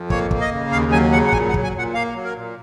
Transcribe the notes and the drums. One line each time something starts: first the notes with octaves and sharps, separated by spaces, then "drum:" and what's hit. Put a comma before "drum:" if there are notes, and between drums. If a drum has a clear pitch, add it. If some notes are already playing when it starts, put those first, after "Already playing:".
Already playing: F2
A#3 C#5, drum: kick
A#3, drum: kick
D#5
C#3
D#2 F5
F#3 G#5
C#3 F#5
F#5
A#2 G#5, drum: kick
F#5
F#3, drum: kick
G#5
A#2 F#5
A#3 F5
F#3
A#4
A#2